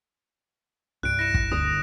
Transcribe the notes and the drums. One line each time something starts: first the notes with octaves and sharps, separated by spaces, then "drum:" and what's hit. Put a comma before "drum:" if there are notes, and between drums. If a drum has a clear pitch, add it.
C2 G2 F#6 D7
E4 A#6 C#7 D#7 E7
drum: kick
D2 D3 D#6 A#6